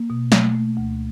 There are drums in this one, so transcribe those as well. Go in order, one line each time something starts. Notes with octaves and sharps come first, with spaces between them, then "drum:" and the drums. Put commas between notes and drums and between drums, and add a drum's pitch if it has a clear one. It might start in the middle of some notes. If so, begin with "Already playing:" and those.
Already playing: A#3
B2
A3, drum: snare
A3
D2